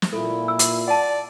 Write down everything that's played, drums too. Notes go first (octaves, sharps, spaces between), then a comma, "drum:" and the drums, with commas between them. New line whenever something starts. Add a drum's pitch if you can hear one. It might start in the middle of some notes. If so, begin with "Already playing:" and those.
drum: snare
A#2 E4 A4
E6
drum: hi-hat
D5 F#5 A5